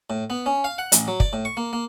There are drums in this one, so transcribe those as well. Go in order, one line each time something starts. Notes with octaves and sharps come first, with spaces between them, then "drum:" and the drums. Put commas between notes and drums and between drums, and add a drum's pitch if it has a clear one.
A2
B3
C#4
F5
F#5
A1, drum: hi-hat
F#3
D5, drum: kick
A2
C#6
A#3
A#3